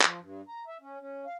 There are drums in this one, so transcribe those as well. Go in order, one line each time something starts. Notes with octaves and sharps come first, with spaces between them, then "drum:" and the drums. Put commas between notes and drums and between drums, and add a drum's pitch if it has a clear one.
F3, drum: clap
G2
A#5
E5
C#4
C#4
F5